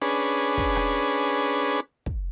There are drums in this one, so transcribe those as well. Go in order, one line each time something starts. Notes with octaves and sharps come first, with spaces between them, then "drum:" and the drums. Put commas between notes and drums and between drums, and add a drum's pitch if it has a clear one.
C#4 D4 G#4 B4
drum: kick
drum: rim click
drum: kick